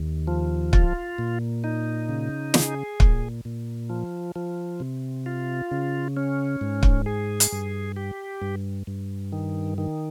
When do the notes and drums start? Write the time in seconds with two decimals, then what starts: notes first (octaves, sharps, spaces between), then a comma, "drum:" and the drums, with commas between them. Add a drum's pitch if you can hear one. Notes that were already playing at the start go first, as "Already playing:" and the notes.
Already playing: D#2
0.27 F3
0.73 F4, drum: kick
1.18 A#2
1.64 D#4
2.09 C#3
2.54 G#4, drum: snare
3.00 A#2, drum: kick
3.45 A#2
3.90 F3
4.36 F3
4.80 C3
5.26 F4
5.71 C#3
6.17 C#4
6.61 G#2
6.83 drum: kick
7.06 G#4
7.40 drum: hi-hat
7.52 G2
7.96 G4
8.42 G2
8.87 G2
9.32 D#3
9.78 D#3